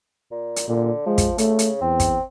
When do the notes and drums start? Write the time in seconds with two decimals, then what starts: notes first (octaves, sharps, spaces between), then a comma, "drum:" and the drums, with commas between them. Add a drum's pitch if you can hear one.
0.31 A#2
0.56 drum: hi-hat
0.68 A#2 D3
1.06 F3 G#3
1.18 drum: kick, hi-hat
1.38 C#3 A3, drum: hi-hat
1.59 drum: hi-hat
1.81 E2 C4
2.00 drum: kick, hi-hat